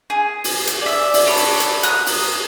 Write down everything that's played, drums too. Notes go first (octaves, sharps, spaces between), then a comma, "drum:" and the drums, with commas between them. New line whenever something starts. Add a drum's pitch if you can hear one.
G#4
drum: open hi-hat
drum: hi-hat
D5 E5
drum: open hi-hat
D4 A4 C#5 B5
drum: open hi-hat
drum: hi-hat
A#5 D#6 F#6, drum: hi-hat
drum: open hi-hat